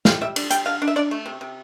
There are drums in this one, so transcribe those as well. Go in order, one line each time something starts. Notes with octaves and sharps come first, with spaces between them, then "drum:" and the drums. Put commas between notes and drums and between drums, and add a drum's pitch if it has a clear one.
G3 F5, drum: snare
G3 E5
D4, drum: cymbal
G3 G5, drum: hi-hat
D3 F5
D4
E5
D4 D5
A3
C3
C3